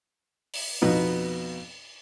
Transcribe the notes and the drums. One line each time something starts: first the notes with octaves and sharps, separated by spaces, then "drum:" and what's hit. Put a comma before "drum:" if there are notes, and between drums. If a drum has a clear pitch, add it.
drum: open hi-hat
F2 B2 B3 D#4